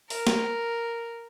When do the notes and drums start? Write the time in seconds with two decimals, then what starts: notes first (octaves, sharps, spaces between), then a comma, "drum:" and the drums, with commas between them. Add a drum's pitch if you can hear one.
0.10 A#4, drum: open hi-hat
0.27 drum: snare